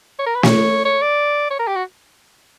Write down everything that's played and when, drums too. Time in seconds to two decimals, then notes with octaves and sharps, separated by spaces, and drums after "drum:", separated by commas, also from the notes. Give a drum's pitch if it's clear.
0.19 C#5
0.26 A#4
0.35 B4
0.43 C#5, drum: snare
0.85 C#5
1.02 D5
1.50 C#5
1.59 A#4
1.67 G4
1.75 F#4